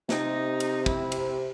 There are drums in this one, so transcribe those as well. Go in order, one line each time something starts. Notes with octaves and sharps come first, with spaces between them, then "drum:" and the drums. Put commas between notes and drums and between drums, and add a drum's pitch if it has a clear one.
C3 D#4, drum: snare
drum: cymbal
E4, drum: kick
drum: cymbal